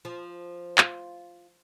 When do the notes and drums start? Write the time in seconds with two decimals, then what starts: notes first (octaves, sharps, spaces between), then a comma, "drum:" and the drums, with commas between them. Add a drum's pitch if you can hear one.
0.05 F3
0.78 F4, drum: clap